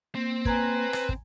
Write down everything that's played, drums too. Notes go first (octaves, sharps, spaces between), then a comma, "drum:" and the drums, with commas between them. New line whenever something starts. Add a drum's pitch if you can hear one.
A#3 C4
B4 G#5 A#5 G#6, drum: kick
drum: rim click
drum: kick